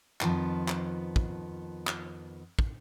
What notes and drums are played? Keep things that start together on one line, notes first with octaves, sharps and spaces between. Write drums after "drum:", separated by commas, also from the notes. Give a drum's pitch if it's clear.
F2 D#3 F3 B3, drum: clap
drum: clap
drum: kick
drum: clap
drum: kick